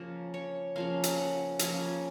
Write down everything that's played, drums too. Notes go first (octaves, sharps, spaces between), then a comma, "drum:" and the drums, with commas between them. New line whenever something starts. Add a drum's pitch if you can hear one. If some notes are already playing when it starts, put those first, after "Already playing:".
Already playing: C#3 F3 A#3
C#5
C#3 F3 A#3 F5
drum: hi-hat
F#5
C#3 F3 A#3 G#5, drum: hi-hat